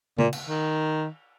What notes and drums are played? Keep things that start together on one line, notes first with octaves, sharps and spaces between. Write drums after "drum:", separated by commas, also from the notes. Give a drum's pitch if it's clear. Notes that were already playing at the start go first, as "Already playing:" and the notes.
A#2, drum: tom C#3
drum: cymbal
D#3